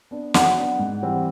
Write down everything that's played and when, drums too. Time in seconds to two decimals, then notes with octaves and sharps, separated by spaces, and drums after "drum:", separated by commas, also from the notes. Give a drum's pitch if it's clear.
0.11 B3 D4
0.34 F#3 F#5, drum: snare
0.57 B3 D4
0.79 G#2
1.03 E3 G3 C4